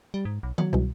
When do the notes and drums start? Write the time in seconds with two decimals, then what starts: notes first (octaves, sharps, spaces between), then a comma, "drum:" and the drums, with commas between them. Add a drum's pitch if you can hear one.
0.14 G3
0.25 G#2
0.43 B1
0.58 F#3, drum: tom D#3
0.73 C2 B2